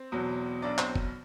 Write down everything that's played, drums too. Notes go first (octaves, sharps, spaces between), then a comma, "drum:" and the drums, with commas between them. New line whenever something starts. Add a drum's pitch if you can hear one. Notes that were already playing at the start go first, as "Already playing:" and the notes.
Already playing: C4
E2 B2 F#3
B1 B2 F#3 D4 D5
C4 C5, drum: clap
drum: kick